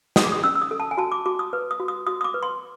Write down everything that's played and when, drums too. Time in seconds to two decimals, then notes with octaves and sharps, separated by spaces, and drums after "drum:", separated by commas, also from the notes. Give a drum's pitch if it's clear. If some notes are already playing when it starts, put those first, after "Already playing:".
0.16 F#4 D#6, drum: snare
0.24 D6
0.32 D#6
0.44 C#4 E6
0.55 E6
0.62 D#6
0.71 A4
0.80 A5
0.91 G#5
0.97 F#4 A5
1.12 D6
1.26 F#4 D6
1.39 D#6
1.53 B4
1.71 D#6
1.80 F#4
1.88 D#6
2.07 F#4 D#6
2.21 D#6
2.24 D6
2.34 B4
2.43 C6